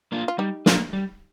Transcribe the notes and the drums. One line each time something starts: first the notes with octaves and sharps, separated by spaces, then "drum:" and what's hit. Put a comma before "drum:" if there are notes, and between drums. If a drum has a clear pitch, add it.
A#3 D4 F4
F4
G3 D#4 G4
A#3 D4 F4, drum: snare
G3